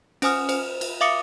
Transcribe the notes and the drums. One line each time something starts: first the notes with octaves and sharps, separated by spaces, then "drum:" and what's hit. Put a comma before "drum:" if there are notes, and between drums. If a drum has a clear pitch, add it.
C#4 C5 G#5 D#6 F6, drum: cymbal
C5, drum: cymbal
drum: cymbal
E5 F5 D6 D#6 C#7